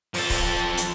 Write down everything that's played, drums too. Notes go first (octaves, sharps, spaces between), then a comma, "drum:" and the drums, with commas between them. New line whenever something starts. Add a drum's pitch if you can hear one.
F3 A4, drum: open hi-hat
drum: kick C#1, open hi-hat
drum: hi-hat